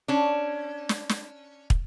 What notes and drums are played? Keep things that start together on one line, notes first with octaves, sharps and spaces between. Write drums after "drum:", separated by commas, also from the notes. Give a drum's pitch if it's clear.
C#4 D4
drum: snare
drum: snare
drum: kick